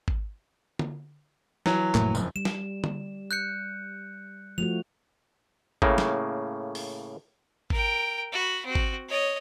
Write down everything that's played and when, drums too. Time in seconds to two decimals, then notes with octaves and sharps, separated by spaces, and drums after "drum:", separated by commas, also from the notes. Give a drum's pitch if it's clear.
0.08 drum: kick G#1
0.79 drum: tom
1.66 E3 F#3, drum: snare
1.95 F1 A2 A#3, drum: clap
2.15 F#1 F2, drum: tambourine
2.36 G3 E7
2.45 drum: snare
2.84 drum: tom
3.31 F#6 G6 C#7
4.58 F3 A3 F#4 F7
5.82 A2 C#3 A#3, drum: kick G#1
5.98 drum: snare
6.75 drum: open hi-hat
7.70 A#4 G5, drum: kick G#1
8.33 F#4 B5
8.66 C4 F#4
8.75 drum: kick G#1
9.08 C#5 D#5